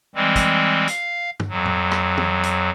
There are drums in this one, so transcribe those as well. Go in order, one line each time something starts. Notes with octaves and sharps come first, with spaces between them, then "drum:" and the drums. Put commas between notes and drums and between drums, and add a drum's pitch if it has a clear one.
E3 G3 G#3 C4
drum: kick, hi-hat
F5, drum: hi-hat
drum: tom G2
F2 F#3
drum: tom A2
drum: rim click
drum: tom
drum: hi-hat